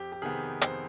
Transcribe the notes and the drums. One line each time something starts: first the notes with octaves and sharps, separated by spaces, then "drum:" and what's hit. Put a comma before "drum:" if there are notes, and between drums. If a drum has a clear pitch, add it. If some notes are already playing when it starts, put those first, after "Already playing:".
Already playing: F2 G4
G4
C3 D#3 B3 G#4
F2 C5, drum: hi-hat